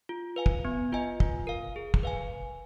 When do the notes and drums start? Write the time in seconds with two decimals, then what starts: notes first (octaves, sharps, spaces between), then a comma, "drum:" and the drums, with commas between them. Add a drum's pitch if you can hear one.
0.09 F4
0.36 B4 F5 G#5
0.46 drum: kick
0.65 B3
0.92 F4 B4 D#5 G#5
1.20 F4, drum: kick
1.47 A#4 F5
1.76 G#4
1.94 drum: kick
2.03 B4 F5 G#5